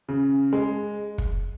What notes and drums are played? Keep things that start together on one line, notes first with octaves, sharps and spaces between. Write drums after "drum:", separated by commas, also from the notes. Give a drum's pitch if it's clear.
C#3
G#3
drum: kick